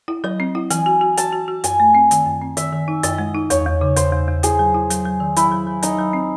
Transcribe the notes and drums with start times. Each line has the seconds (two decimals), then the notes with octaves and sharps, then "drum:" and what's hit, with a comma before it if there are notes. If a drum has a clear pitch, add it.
0.08 E4
0.24 F#3 D#5
0.40 C4
0.55 E4
0.70 E3 G#5, drum: hi-hat
0.86 F#4
1.01 F#4
1.17 F#4 A5, drum: hi-hat
1.33 F#4
1.48 F#4
1.64 F#2 G#5, drum: hi-hat
1.80 A3
1.95 C4
2.11 D#3, drum: hi-hat
2.26 F#2
2.42 C4
2.57 D#3 E5, drum: hi-hat
2.72 D#3
2.88 D#4
3.03 F#2 D#5, drum: hi-hat
3.18 G#3
3.35 D#4
3.50 E2 C#5, drum: hi-hat
3.66 E2
3.81 C#3
3.96 E2 C5, drum: hi-hat
4.12 E2
4.28 E2
4.43 E4 G#4, drum: hi-hat
4.59 F#3
4.74 E4
4.90 F#3, drum: hi-hat
5.05 F#3
5.20 D#3
5.36 F#3 E4, drum: hi-hat
5.52 F#3
5.67 F#3
5.83 F#3 D#4, drum: hi-hat
5.98 F#3
6.13 C4